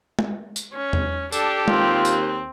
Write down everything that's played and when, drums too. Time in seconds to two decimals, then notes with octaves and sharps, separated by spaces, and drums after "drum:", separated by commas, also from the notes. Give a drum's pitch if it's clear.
0.19 drum: tom G#3
0.56 drum: tambourine
0.73 C#4
0.93 drum: tom E2
1.32 D4 G4 A4, drum: tambourine
1.68 D#2 C4 F4, drum: tom G#3
2.05 drum: tambourine